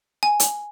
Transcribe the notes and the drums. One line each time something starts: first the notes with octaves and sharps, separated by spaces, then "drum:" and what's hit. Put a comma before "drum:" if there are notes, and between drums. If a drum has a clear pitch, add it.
G#5
drum: hi-hat